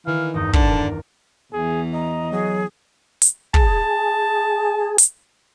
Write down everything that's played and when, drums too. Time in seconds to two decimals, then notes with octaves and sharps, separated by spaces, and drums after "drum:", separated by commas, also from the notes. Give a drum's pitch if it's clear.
0.07 D#3 E3 F5
0.34 G#1 E2 G2 D#4
0.54 D3 A5, drum: kick
0.69 A#4 D5
1.53 E2 E3 G#4
1.94 D#5 A#5
2.32 F#3 G#4
3.22 drum: hi-hat
3.54 G#4 A5, drum: kick
4.98 drum: hi-hat